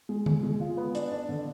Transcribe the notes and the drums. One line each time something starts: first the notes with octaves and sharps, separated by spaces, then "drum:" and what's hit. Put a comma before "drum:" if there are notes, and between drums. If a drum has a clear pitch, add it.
G#3
G#3, drum: tom D3
G#3
F4
B3
D4, drum: hi-hat
D4
D3